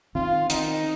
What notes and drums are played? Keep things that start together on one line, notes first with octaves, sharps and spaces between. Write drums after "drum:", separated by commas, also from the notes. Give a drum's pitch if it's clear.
D#3 C4 F4
D#3 C4 D#4, drum: hi-hat